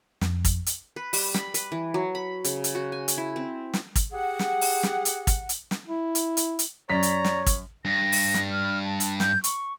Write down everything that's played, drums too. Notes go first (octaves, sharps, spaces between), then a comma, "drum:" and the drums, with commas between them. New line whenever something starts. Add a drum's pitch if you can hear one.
F2, drum: snare
drum: kick, hi-hat
drum: hi-hat
B4
G3, drum: open hi-hat
B5, drum: snare
B4, drum: hi-hat
E3
F#3
B5
C#3, drum: hi-hat
drum: hi-hat
F#4
G#5
drum: hi-hat
E4
C4
drum: snare
drum: kick, hi-hat
G4 G#4 F#5
drum: snare
drum: open hi-hat
drum: snare
drum: hi-hat
drum: kick, hi-hat
drum: hi-hat
drum: snare
E4
drum: hi-hat
drum: hi-hat
drum: hi-hat
F#2 C#5 D5 A#5 B6
drum: hi-hat
drum: snare
drum: kick, hi-hat
G2 A#6
drum: open hi-hat
drum: snare
F6
A5
drum: hi-hat
G6, drum: snare
C#6, drum: hi-hat